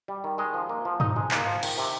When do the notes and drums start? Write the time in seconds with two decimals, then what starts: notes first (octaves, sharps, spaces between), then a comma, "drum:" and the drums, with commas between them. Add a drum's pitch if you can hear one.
0.08 G3
0.24 D#3
0.38 G#3 D#5
0.54 F3
0.69 A#3
0.85 F3
1.00 D#4 D#5, drum: tom G2
1.16 G#3
1.31 A#3 F5, drum: clap
1.46 F3
1.63 D#3, drum: cymbal
1.78 C3